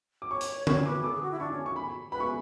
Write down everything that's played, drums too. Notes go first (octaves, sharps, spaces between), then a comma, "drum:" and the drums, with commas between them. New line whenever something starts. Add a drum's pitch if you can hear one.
D6
C#5 C#6
drum: hi-hat
C#5 C#6, drum: tom D3
B4 D6
A4 D6
G#4
F#4
E4
D4 C#6
C#4
C#6
B5
B4 B5
C#6